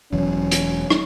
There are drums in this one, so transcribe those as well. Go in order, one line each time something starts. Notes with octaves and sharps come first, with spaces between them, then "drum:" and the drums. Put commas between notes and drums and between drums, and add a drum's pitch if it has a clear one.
E1 E3 F#3 C#4
drum: hi-hat
drum: rim click